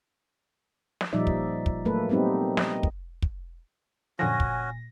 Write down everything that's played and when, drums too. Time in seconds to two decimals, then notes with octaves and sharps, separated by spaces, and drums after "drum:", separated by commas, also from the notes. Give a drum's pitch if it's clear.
1.01 drum: snare
1.13 A#2 F3 G3 D#4 D5 E5
1.27 drum: kick
1.66 drum: kick
1.85 F#3 A3 A#3 A4 B4
2.09 G3 B3 C4 D#4 G4
2.57 D#5, drum: snare
2.83 drum: kick
3.22 drum: kick
4.19 F#2 A#2 D3 F3 C#4 F#4 G#5 A#6
4.40 drum: kick